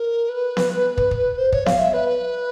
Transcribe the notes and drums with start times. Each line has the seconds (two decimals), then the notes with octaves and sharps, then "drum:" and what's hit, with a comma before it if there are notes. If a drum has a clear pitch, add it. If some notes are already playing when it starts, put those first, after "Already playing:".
Already playing: A#4
0.29 B4
0.57 drum: snare B3
0.98 drum: kick
1.11 drum: kick
1.38 C5
1.52 C#5, drum: kick
1.66 F5, drum: snare B3
1.79 E5
1.93 B4